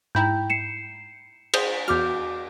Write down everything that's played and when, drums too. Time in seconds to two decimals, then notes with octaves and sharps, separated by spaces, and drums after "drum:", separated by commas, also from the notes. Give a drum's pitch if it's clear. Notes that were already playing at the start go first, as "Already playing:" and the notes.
0.15 G#2 E4 G5 A#5 G6
0.50 C7 C#7 E7
1.54 G#4 C5, drum: cymbal
1.88 E2 F#4 D6 F6 G6